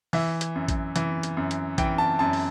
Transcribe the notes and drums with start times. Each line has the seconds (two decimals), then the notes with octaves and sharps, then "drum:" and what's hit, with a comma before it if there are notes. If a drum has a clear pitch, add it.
0.13 E3 E5, drum: open hi-hat
0.41 drum: hi-hat
0.55 F#2
0.68 drum: kick A1, hi-hat
0.96 E3, drum: hi-hat
1.23 drum: hi-hat
1.37 F#2
1.51 drum: hi-hat
1.78 E3 G5, drum: kick A1, hi-hat
1.98 A5
2.19 F#2 A5
2.33 drum: open hi-hat